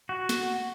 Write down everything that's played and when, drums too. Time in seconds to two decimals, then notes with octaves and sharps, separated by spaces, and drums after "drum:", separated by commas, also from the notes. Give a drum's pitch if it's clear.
0.09 F#4
0.29 drum: snare